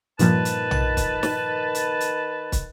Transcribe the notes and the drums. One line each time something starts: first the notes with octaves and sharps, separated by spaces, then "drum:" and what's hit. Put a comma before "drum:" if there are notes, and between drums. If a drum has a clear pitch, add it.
G2 A#2 D#3 F3 B4 A5, drum: hi-hat
drum: hi-hat
drum: tom
drum: kick, hi-hat
drum: snare
drum: hi-hat
drum: hi-hat
drum: kick, hi-hat